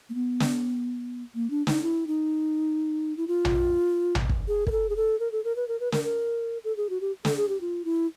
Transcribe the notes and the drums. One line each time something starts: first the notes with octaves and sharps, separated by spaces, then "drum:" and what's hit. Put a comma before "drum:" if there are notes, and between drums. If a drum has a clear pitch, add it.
A#3
B3
drum: snare
A#3
D4
D#4, drum: snare
E4
D#4
E4
F4
drum: tom A#1
drum: tom A#1
drum: kick
G#4
A#4, drum: kick
A4
G#4
A4
A#4
A4
A#4
B4
A#4
B4
A#4, drum: snare
A#4
A4
G#4
F#4
G4
A4, drum: snare
G#4
G4
F4
E4